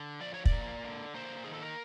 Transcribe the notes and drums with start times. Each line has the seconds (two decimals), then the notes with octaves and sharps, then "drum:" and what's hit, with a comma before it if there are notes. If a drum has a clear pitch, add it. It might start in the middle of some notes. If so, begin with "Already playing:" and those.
Already playing: D3
0.21 F3 D5
0.34 C#5
0.45 D5, drum: kick
0.52 A#3
0.84 D3
1.14 A#3 C5
1.44 D#3 G#4
1.53 A4
1.62 A#4